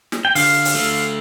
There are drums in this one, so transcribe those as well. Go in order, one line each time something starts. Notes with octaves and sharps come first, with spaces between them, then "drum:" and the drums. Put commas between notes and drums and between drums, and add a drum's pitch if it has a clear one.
drum: snare
G5
D3 F5, drum: open hi-hat
drum: open hi-hat
A3